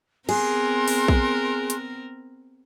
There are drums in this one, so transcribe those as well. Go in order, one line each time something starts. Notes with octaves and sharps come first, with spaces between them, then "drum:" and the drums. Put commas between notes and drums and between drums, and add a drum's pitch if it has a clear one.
B3 C4 G#4 A#4 C6 F#6, drum: cymbal
drum: open hi-hat
drum: kick A#1
drum: hi-hat